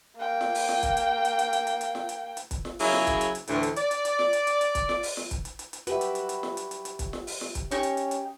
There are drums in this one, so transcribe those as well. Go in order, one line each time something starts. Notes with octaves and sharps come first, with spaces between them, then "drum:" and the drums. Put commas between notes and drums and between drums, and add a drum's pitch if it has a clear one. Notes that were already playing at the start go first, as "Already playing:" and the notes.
A#3 G5
drum: snare
drum: open hi-hat
drum: snare
drum: kick, hi-hat
drum: hi-hat
drum: hi-hat
drum: hi-hat
drum: hi-hat
drum: hi-hat
drum: hi-hat
drum: snare
drum: hi-hat
drum: hi-hat
drum: kick, hi-hat
drum: snare
C#3 F#3 A#3 C#4 E4 G#4, drum: open hi-hat
drum: snare
drum: kick, hi-hat
drum: hi-hat
drum: hi-hat
D2 A2 E3, drum: hi-hat
drum: hi-hat
D5, drum: hi-hat
drum: hi-hat
drum: hi-hat
drum: snare
drum: hi-hat
drum: hi-hat
drum: hi-hat
drum: kick, hi-hat
drum: snare
drum: open hi-hat
drum: snare
drum: kick, hi-hat
drum: hi-hat
drum: hi-hat
drum: hi-hat
F#4 G4 B4 E5, drum: hi-hat
drum: hi-hat
drum: hi-hat
drum: hi-hat
drum: snare
drum: hi-hat
drum: hi-hat
drum: hi-hat
drum: kick, hi-hat
drum: snare
drum: open hi-hat
drum: snare
drum: kick, hi-hat
C#4 D#4 G4 C#6, drum: hi-hat
drum: hi-hat
drum: hi-hat
drum: hi-hat